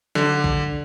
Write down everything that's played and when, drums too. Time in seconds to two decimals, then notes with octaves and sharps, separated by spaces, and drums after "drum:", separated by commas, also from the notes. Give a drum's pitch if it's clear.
0.15 D3, drum: snare
0.44 drum: kick A#1